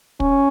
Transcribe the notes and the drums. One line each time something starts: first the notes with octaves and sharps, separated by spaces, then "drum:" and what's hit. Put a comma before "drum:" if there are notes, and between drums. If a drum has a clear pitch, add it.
C#4, drum: kick